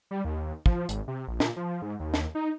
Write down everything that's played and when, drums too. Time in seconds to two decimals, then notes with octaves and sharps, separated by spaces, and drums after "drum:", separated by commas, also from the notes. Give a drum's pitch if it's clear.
0.11 G3
0.25 D#2
0.66 F3, drum: kick
0.89 G#1, drum: hi-hat
1.08 C3
1.28 A#1
1.40 A#2, drum: snare
1.56 F3
1.82 G#2
2.00 D#2
2.14 drum: snare
2.35 D#4